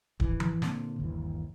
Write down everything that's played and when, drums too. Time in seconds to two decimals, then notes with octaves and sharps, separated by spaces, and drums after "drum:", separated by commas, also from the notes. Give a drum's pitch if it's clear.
0.20 G#1 E3, drum: kick
0.40 drum: tom E3
0.62 A#2 D3 A#3 C4, drum: snare
1.00 G1 D#2 E3